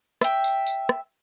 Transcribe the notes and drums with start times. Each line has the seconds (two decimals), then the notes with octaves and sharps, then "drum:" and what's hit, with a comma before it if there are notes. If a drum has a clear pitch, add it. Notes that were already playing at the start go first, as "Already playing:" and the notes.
0.21 E5 G5, drum: rim click
0.44 drum: tambourine
0.67 drum: tambourine
0.89 drum: rim click